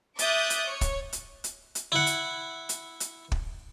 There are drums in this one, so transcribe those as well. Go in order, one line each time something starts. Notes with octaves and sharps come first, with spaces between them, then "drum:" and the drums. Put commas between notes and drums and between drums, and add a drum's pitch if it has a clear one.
E5 D6 D#6 F#6 G6 A6, drum: hi-hat
drum: hi-hat
C#5
drum: kick, hi-hat
drum: hi-hat
drum: hi-hat
drum: hi-hat
E4 F#5
drum: hi-hat
drum: hi-hat
drum: hi-hat
drum: kick